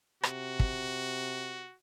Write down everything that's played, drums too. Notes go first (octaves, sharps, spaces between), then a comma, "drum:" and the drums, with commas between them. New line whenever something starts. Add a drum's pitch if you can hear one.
C3 F#4, drum: rim click
drum: kick